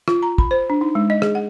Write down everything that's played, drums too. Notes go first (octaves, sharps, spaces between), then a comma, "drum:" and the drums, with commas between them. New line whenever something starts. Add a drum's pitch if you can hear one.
F4, drum: rim click
A#5
B5, drum: kick
C5
D4
D#4
G#3
D#5
G#4, drum: rim click
F#5